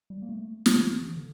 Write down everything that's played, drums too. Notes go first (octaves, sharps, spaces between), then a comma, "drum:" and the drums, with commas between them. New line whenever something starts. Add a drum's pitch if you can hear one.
G3
A#3
A3
F3, drum: snare
E3
D3